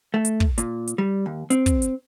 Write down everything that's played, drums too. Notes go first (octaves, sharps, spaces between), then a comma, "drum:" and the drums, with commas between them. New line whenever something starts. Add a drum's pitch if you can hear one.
A3
drum: hi-hat
drum: kick
A#2, drum: hi-hat
drum: hi-hat
G3
D#2
C4, drum: hi-hat
drum: kick, hi-hat
drum: hi-hat